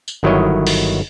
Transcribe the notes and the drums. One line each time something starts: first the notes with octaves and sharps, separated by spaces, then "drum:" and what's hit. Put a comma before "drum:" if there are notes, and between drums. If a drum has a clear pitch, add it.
drum: tambourine
G1 D#3 F#3 E4 C#5 D#5
drum: open hi-hat